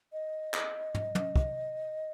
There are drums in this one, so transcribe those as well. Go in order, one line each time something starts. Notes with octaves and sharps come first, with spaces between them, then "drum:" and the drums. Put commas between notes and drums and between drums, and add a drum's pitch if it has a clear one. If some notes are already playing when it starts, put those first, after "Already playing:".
D#5
drum: clap
drum: tom
drum: tom
drum: kick